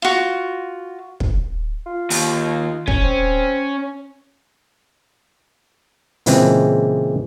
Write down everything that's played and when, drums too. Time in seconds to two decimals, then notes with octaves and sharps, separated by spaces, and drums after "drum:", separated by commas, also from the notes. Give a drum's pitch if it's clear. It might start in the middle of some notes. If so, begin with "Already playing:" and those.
0.02 F4 F#4
1.20 drum: kick
1.86 F4
2.10 D#2, drum: open hi-hat
2.88 C#4, drum: kick
3.03 C4
6.26 A#2 C#3 E3 G#3 C4 G#4, drum: hi-hat